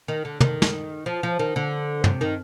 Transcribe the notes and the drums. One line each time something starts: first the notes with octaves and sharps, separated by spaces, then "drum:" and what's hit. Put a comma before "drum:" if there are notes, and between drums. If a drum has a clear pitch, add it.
D#3
D3
D#3, drum: tom
drum: snare
F3
F3
D#3
D3
C3, drum: tom
D#3